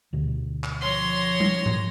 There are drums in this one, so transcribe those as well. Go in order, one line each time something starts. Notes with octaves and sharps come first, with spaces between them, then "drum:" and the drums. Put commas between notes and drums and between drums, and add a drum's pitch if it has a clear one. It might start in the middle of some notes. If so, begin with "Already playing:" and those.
D2 B2 D3
drum: clap
F3 C#5 C6 A#6
drum: tom G3
drum: tom G#2